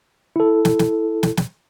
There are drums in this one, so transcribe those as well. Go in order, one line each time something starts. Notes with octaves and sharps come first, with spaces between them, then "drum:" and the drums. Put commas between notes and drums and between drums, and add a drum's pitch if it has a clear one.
E4 A4
drum: snare
drum: snare
drum: snare
drum: snare